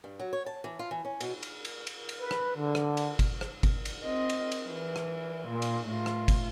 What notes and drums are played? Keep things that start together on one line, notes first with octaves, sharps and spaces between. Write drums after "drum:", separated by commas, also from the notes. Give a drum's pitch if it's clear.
G2
F#3
C#5
A5
E3
F4
E3
C#4
B2, drum: cymbal
drum: cymbal
drum: cymbal
drum: cymbal
drum: cymbal
B4
drum: rim click
D3
drum: rim click
drum: cymbal
drum: kick G1, cymbal
drum: rim click
drum: kick G1, cymbal
drum: cymbal
C4 D#5
drum: cymbal
drum: cymbal
E3
drum: rim click
A#2
drum: cymbal
A2 F4
drum: rim click
drum: kick G1, cymbal